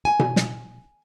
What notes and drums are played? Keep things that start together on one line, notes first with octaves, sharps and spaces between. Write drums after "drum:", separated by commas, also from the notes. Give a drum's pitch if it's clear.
G#5
drum: tom B2
drum: snare